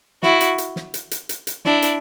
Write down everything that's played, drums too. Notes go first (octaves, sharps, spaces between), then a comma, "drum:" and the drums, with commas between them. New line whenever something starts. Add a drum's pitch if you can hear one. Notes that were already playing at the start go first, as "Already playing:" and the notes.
E4 F#4, drum: snare
drum: hi-hat
drum: hi-hat
drum: snare
drum: hi-hat
drum: hi-hat
drum: hi-hat
drum: hi-hat
D4 E4, drum: snare
drum: hi-hat